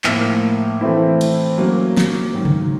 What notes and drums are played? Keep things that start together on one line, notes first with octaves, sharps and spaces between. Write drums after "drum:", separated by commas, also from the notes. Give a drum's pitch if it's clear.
A2 F3 A#3, drum: clap
E3 A3 C4 E4
drum: cymbal
F#3 A#3 C#4
drum: snare
G#2 D#3 F#3
drum: tom C3